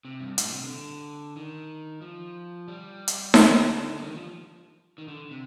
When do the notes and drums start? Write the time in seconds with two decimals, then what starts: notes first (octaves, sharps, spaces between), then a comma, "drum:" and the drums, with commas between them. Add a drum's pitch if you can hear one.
0.05 C3
0.21 G2
0.38 A2, drum: hi-hat
0.46 A#2
0.53 C3
0.63 D3
1.37 D#3
2.02 F3
2.68 G3
3.08 drum: hi-hat
3.34 F3, drum: snare D#4
3.45 D#3
3.56 D3
3.99 G3
4.07 D#3
4.16 F3
4.98 D#3
5.08 D3
5.31 C3